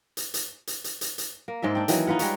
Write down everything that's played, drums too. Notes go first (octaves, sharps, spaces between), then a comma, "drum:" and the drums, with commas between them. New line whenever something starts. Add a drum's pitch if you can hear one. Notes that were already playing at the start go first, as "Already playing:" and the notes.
drum: hi-hat
drum: hi-hat
drum: hi-hat
drum: hi-hat
drum: hi-hat
drum: hi-hat
A#3
G#2 G#3 D5 E5
D4 G5
D#3 E3 F#3, drum: hi-hat
D#4 F4 B4 F#5
G3 G#3 B4 C#5, drum: hi-hat